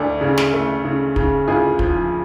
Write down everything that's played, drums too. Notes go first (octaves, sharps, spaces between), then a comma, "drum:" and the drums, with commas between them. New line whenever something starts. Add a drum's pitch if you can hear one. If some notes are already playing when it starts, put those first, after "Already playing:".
Already playing: D2 A3 D4
C#3
drum: snare
A3
C#3
C#3, drum: kick
D2 F4 G#4
F3, drum: kick